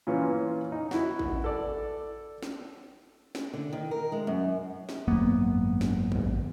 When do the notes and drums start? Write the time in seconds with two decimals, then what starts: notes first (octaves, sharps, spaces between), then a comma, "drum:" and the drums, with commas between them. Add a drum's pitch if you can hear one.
0.07 A#2 E3 C#4 F4
0.72 D#4
0.91 E4 F#4, drum: snare
1.19 drum: kick A1
1.44 A4 D5
2.43 drum: snare
3.35 drum: snare
3.53 D3
3.73 D#3
3.91 A#4
4.12 G#3
4.27 F#2
4.89 drum: snare
5.08 G#1 F#2 A#3 B3
5.81 drum: snare
6.12 drum: kick A1